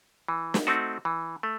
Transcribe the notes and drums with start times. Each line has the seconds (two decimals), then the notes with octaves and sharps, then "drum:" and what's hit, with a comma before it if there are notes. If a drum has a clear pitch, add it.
0.28 E3
0.54 drum: snare
0.67 A3 C4 D#4 F#4
1.05 E3
1.43 A3